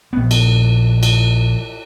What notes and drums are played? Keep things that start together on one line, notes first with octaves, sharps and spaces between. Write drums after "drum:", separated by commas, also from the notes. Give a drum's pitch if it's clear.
A#1 B3
drum: cymbal
drum: cymbal